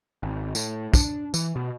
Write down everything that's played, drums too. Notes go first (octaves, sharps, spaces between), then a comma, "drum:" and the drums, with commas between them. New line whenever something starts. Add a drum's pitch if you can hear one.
G#1
A2, drum: tambourine
D4, drum: kick, tambourine
E3, drum: tambourine
B2